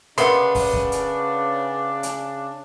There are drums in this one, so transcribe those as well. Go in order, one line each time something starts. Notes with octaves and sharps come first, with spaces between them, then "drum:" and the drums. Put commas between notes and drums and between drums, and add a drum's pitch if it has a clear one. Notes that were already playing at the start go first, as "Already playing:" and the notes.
C#3 B3 D4 A#4 E5 F#5 C6, drum: hi-hat
drum: kick, open hi-hat
drum: kick
drum: hi-hat
drum: hi-hat